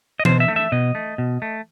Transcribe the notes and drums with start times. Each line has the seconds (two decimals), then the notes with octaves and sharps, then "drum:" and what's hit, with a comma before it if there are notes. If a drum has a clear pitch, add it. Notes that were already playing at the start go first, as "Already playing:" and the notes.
0.20 D#5
0.25 B2 C5, drum: tom E3
0.40 E5
0.48 A3
0.56 E5
0.72 B2 D#5
0.95 A3
1.18 B2
1.42 A3